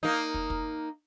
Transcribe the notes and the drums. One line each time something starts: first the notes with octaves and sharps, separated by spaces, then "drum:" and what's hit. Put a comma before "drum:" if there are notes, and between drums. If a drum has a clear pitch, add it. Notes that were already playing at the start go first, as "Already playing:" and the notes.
A#3 D#4
drum: kick
drum: kick